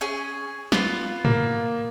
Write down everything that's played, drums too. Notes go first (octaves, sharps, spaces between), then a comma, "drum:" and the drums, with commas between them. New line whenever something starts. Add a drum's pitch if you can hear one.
C#4 G#4
B3 F4, drum: snare
A#3, drum: tom